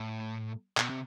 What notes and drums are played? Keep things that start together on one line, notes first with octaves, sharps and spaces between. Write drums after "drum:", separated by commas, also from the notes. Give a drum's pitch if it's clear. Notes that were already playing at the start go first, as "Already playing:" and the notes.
Already playing: A2
B2, drum: clap
C3